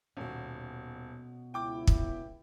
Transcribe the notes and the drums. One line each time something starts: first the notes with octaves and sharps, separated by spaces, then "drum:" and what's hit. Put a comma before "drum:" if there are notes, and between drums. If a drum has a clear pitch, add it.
D#1 B2 C#4
C#2 E4 G5 D6
drum: kick